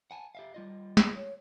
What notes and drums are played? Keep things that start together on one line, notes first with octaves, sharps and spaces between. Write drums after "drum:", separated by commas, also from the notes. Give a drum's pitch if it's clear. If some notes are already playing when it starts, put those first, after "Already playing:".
F#5 G#5 A5
G4 E5 F5
G3 F4 D#5
drum: snare
C#5